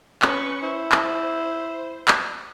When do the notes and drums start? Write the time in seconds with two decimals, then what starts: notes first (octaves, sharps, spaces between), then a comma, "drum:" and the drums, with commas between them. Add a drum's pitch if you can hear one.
0.22 C#4 B4 C#6, drum: clap
0.63 E4 C5
0.92 drum: clap
2.08 drum: clap